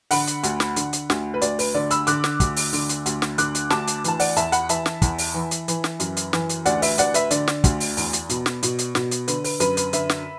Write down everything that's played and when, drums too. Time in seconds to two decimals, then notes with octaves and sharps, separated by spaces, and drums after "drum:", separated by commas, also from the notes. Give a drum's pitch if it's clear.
0.11 D3 F#5 B5, drum: open hi-hat
0.27 drum: hi-hat
0.43 D2, drum: hi-hat
0.60 drum: snare
0.76 D3, drum: hi-hat
0.93 drum: hi-hat
1.10 D2, drum: snare
1.34 B4
1.41 D2 D5, drum: hi-hat
1.59 B4, drum: open hi-hat
1.74 D3 D5
1.90 B5 E6, drum: hi-hat
2.07 D3 D6 F#6, drum: hi-hat
2.24 drum: snare
2.40 D2, drum: kick, hi-hat
2.56 drum: open hi-hat
2.73 D3, drum: open hi-hat
2.89 drum: hi-hat
3.06 D2, drum: hi-hat
3.22 drum: snare
3.38 D3 D6 F#6, drum: hi-hat
3.55 drum: hi-hat
3.70 D2 A5 D6, drum: snare
3.87 drum: hi-hat
4.04 E3 A5, drum: hi-hat
4.20 D5 F#5, drum: open hi-hat
4.36 E2 E5 A5, drum: hi-hat
4.52 F#5 B5, drum: hi-hat
4.69 E3 E5 A5, drum: hi-hat
4.86 drum: snare
5.02 E2, drum: kick, hi-hat
5.18 drum: open hi-hat
5.34 E3
5.51 drum: hi-hat
5.68 E3, drum: hi-hat
5.84 drum: snare
6.00 F#2, drum: hi-hat
6.17 drum: hi-hat
6.33 E3, drum: snare
6.49 drum: hi-hat
6.65 D2 D5 F#5, drum: hi-hat
6.82 B4 E5, drum: open hi-hat
6.98 D2 D5 F#5, drum: hi-hat
7.14 B4 E5, drum: hi-hat
7.31 D3 D5, drum: hi-hat
7.48 drum: snare
7.64 D2, drum: kick, hi-hat
7.80 drum: open hi-hat
7.97 E2, drum: open hi-hat
8.13 drum: hi-hat
8.29 B2, drum: hi-hat
8.46 drum: snare
8.63 B2, drum: hi-hat
8.79 drum: hi-hat
8.95 B2, drum: snare
9.11 drum: hi-hat
9.28 D3 B4, drum: hi-hat
9.44 B4, drum: open hi-hat
9.60 F#2 B4, drum: hi-hat
9.77 B4, drum: hi-hat
9.93 D3 B4 E5, drum: hi-hat
10.09 drum: snare